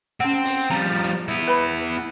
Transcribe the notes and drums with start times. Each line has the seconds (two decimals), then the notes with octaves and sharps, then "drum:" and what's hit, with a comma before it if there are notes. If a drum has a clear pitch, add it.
0.20 C4 C#4 F#5
0.44 drum: open hi-hat
0.70 F3 G3 A#5
1.04 drum: hi-hat
1.28 B3 E4
1.47 B4 B5